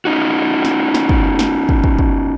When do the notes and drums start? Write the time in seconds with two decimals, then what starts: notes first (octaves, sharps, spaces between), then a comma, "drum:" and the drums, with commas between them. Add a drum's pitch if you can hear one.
0.05 C#4 D#4 F#4
0.65 drum: snare
0.94 drum: snare
1.09 drum: kick
1.39 drum: snare
1.69 drum: kick
1.84 drum: kick
1.99 drum: kick